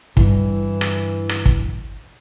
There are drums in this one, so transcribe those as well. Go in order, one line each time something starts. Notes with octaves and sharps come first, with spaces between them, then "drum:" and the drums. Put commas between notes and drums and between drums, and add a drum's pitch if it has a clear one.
G2 D3 E3, drum: kick
drum: rim click
drum: rim click
drum: kick